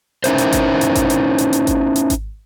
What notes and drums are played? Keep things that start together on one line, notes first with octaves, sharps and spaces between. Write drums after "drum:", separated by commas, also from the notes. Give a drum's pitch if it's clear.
C#4 D#4 E4 A#4 C5, drum: hi-hat
drum: hi-hat
drum: kick G#1, hi-hat
drum: hi-hat
drum: kick G#1, hi-hat
drum: hi-hat
drum: hi-hat
drum: hi-hat
drum: kick G#1, hi-hat
drum: hi-hat
drum: kick G#1, hi-hat